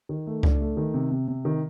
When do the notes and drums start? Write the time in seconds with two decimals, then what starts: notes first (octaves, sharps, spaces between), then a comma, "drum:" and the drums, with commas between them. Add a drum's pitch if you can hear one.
0.09 D#3
0.27 A3
0.43 D4, drum: kick C#2
0.60 A3
0.77 D#3
0.94 C3
1.11 C3
1.28 C3
1.45 D#3